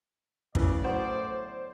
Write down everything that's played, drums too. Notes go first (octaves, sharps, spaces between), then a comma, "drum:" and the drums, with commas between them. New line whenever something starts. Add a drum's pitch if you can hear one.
A2 C#3 E3 D5, drum: kick
F#3 B3 C5